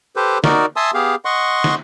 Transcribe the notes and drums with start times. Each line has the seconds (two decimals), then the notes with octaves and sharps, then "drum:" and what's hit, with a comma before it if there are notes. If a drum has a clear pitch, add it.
0.16 G4 A4 B4 C5
0.44 D#4 F#4 A#4 D5, drum: snare
0.76 E5 G#5 A5 C6 D#6 E6
0.94 B3 G4 G#4 F5
1.25 D#5 F#5 C6 C#6
1.64 drum: snare